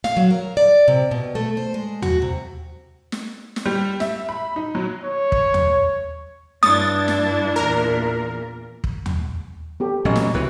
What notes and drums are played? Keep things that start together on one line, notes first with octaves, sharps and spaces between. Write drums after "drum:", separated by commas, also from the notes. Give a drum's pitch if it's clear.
F5, drum: snare
F#3
A#4
D5
C3
B2
A3
C5
G#3
F#4, drum: tom
C3
drum: snare
drum: snare
G3
E5, drum: snare
B5
D#4
F#3
C#5
drum: kick
drum: tom
G2 D4 E4 D#6 A6, drum: snare
drum: snare
E2 A#2 A#4
drum: kick
drum: tom
B3 G4 A4
A1 A#2 F#3 C#4 D#5
drum: snare
C#2 C3 E3 E4 F#4 B4